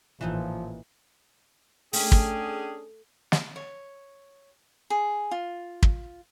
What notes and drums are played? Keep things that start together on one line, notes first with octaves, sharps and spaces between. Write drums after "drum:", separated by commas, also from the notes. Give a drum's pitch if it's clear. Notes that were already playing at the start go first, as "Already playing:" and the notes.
A1 A#2 E3 F3 D#4 E4
A3 C#4 D4 G#4 G5, drum: open hi-hat
drum: kick
drum: snare
C#5
G#4
F4
drum: kick